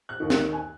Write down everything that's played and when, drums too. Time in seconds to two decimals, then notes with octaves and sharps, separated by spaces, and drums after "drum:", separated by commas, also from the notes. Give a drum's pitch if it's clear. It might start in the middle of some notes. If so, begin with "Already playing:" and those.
0.09 F#6
0.20 D#2 D#3
0.30 F#6, drum: snare
0.53 G#5